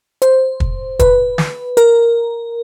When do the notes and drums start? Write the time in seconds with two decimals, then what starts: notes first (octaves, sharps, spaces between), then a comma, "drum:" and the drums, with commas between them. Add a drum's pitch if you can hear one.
0.22 C5, drum: hi-hat
0.60 drum: kick
0.99 B4, drum: kick, hi-hat
1.38 drum: snare
1.77 A#4, drum: hi-hat